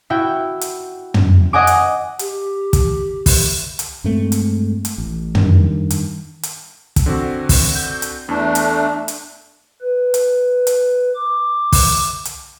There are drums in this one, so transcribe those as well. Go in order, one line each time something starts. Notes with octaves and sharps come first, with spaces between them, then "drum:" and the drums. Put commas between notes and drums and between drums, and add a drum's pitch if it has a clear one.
E4 F#4 G5
drum: hi-hat
drum: tom
D#5 F#5 G#5 D6
drum: hi-hat
G4, drum: hi-hat
drum: kick, hi-hat
drum: kick, open hi-hat
drum: hi-hat
G2 G#3 A3 C4
drum: hi-hat
drum: hi-hat
A1
G2 D#3, drum: tom
drum: hi-hat
drum: hi-hat
drum: kick, hi-hat
D3 C4 F#4
drum: kick, open hi-hat
G6
drum: hi-hat
E2 A3 D4
drum: hi-hat
drum: hi-hat
B4
drum: hi-hat
drum: hi-hat
D6
drum: kick, open hi-hat
drum: hi-hat